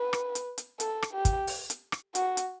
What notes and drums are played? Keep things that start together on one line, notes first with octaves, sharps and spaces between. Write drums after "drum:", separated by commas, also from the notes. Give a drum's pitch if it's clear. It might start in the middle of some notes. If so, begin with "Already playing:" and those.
Already playing: B4
drum: rim click
drum: hi-hat
drum: hi-hat
A4, drum: hi-hat
drum: rim click
G4
drum: kick, hi-hat
drum: open hi-hat
drum: hi-hat
drum: rim click
F#4, drum: hi-hat
drum: hi-hat